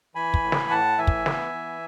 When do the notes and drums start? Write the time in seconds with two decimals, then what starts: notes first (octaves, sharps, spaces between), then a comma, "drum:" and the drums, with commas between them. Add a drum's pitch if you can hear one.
0.15 E3 G#5 B5
0.34 drum: kick
0.43 A2
0.52 drum: snare
0.70 A2 F#5 A5
0.98 E3 E5 G#5
1.07 drum: kick
1.26 B3, drum: snare
1.53 E3